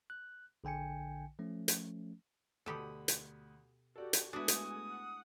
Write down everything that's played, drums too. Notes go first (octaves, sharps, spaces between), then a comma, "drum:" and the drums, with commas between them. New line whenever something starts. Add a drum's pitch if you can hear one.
F#6
A#1 D3 G5 G#5 C#7
F3 A3 C#4
drum: hi-hat
D2 B2 G4 A4 B5 D#6
drum: hi-hat
F#4 G4 A4 D5
drum: hi-hat
G#3 A3 B3 D4 E4 F#4 G#5 D#6
drum: hi-hat
F#5